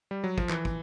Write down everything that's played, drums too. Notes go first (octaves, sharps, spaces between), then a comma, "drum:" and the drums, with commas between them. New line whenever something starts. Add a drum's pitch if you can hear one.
G3
F#3
F3, drum: kick
E3, drum: clap
drum: kick